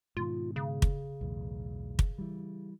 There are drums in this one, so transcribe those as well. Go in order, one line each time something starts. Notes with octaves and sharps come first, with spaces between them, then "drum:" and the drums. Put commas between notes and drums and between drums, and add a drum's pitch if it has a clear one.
G#2 B2 D#3 F4
C#3
drum: kick
B1 E2 A2
drum: kick
E3 G3